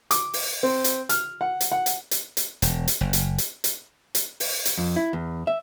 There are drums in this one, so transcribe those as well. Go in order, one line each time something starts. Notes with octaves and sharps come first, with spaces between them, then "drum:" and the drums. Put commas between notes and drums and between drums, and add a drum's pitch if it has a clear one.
D6, drum: hi-hat
drum: open hi-hat
C4
drum: hi-hat
F6, drum: hi-hat
F#5
drum: hi-hat
F#5
drum: hi-hat
drum: hi-hat
drum: hi-hat
E1, drum: hi-hat
drum: hi-hat
F#1
drum: hi-hat
drum: hi-hat
drum: hi-hat
drum: hi-hat
drum: open hi-hat
drum: hi-hat
F2
E4
E2
E5